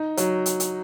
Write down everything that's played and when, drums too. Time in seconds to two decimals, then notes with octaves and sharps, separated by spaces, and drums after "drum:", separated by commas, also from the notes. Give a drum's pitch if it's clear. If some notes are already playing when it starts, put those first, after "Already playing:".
Already playing: D#4
0.17 F#3, drum: hi-hat
0.46 drum: hi-hat
0.60 drum: hi-hat